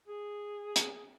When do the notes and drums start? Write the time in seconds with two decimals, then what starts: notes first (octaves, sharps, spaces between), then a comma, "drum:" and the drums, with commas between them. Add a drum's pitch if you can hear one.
0.08 G#4
0.76 drum: hi-hat